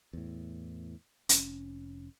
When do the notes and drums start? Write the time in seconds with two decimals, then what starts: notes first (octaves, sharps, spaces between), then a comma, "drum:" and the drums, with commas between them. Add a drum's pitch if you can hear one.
0.13 E2 A2
1.29 F1 C#4, drum: hi-hat